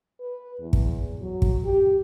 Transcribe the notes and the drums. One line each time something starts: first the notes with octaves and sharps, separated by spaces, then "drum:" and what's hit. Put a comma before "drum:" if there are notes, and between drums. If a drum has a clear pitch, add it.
B4
E2
drum: kick
F#3
drum: kick
G4